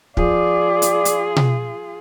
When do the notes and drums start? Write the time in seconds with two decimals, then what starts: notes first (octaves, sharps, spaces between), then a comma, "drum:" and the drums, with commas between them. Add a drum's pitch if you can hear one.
0.17 F3 F4 G#4 D5, drum: kick
0.82 drum: hi-hat
1.05 drum: hi-hat
1.36 drum: tom B2